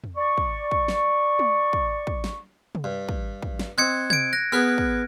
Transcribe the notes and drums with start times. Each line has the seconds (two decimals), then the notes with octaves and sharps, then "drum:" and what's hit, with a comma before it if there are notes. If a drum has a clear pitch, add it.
0.04 drum: tom E2
0.16 D5 C#6
0.38 drum: kick
0.71 drum: kick
0.88 drum: snare
1.39 drum: tom
1.73 drum: kick
2.07 drum: kick
2.24 drum: snare
2.75 drum: tom C3
2.84 G2
3.09 drum: kick
3.42 drum: kick
3.59 drum: snare
3.78 C4 D#5 F#6 G#6 C#7
4.10 G#6 D7, drum: tom C3
4.33 F#6 A#6
4.52 B3 G#4 B4 F6 F#6
4.78 drum: kick